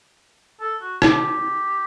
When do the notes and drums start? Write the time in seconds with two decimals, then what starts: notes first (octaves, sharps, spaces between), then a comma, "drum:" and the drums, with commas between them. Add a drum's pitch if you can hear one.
0.60 A4
0.81 F#4
1.02 G4, drum: rim click